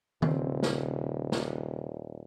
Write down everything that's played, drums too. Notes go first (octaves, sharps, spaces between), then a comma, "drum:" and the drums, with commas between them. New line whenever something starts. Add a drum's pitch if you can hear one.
D#1 C#3 C4, drum: tom
drum: snare
drum: snare